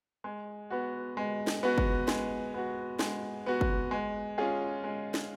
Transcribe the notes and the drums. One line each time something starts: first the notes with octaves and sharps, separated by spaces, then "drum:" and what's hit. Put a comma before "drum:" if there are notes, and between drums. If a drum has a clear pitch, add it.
G#3
B3 F#4
G#3
drum: snare
B3 F#4
drum: kick
G#3, drum: snare
B3 F#4
G#3, drum: snare
B3 F#4
drum: kick
G#3
C#4 F4 G#4
G#3
drum: snare